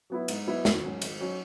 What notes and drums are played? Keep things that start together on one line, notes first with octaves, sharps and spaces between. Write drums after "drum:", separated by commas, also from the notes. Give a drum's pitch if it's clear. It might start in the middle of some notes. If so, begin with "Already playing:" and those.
F#3 B3 E4
G#2, drum: cymbal
F#3 B3 E4
G#1, drum: snare
G#2 F#3 C#4
G#1, drum: cymbal
F#3 C#4